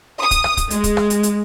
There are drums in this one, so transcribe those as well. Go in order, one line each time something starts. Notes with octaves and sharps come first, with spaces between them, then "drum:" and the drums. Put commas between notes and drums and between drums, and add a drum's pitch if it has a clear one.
D#6
drum: kick, hi-hat
drum: rim click
drum: kick, hi-hat
G#3, drum: hi-hat
drum: kick, hi-hat
drum: rim click
drum: hi-hat
drum: hi-hat